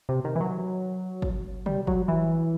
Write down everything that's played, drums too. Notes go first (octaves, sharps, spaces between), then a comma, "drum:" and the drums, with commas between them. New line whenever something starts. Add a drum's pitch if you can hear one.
C3
D#3
E3
F#3
drum: kick
G3, drum: tom
F#3, drum: kick
E3